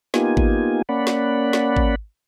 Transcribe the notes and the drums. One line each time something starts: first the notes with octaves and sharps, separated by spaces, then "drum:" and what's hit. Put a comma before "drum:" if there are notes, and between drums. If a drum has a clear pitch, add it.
A#3 B3 D#4 F4 G4 G#5, drum: snare
drum: kick G#1
A#3 C#4 D5 F#5 B5
drum: snare
drum: snare
drum: kick G#1